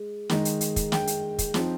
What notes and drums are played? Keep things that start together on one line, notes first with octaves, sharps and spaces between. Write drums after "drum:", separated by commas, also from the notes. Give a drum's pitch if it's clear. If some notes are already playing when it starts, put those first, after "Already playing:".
Already playing: G#3
D#3 G#3 D#4, drum: snare
drum: hi-hat
drum: hi-hat
drum: kick, hi-hat
G5, drum: snare
drum: hi-hat
drum: kick, hi-hat
F3 C4 D#4, drum: snare